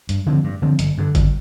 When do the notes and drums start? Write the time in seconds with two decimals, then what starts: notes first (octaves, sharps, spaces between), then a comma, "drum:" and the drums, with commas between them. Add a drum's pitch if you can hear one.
0.09 G2, drum: hi-hat
0.26 D3 F3 C4
0.44 G2
0.62 D3 F3 C4
0.79 G1, drum: hi-hat
0.98 G2 D3
1.15 G1, drum: kick G#1, hi-hat